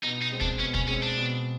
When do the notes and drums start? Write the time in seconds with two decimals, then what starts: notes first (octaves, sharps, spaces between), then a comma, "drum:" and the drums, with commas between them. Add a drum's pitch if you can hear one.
0.03 B2 D#4
0.22 D#4
0.32 G#3 C4
0.41 D4, drum: kick
0.60 B2 C#4
0.74 C#4, drum: kick
0.88 G#3 C4 C#4
1.03 D4
1.18 B2